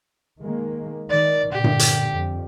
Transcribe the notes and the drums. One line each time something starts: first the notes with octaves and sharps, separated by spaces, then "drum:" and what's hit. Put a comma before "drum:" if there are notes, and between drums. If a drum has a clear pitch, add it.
D#3 G#3 A#3
D#3 D5
A#2 D3 G4
drum: tom G2
drum: hi-hat
F2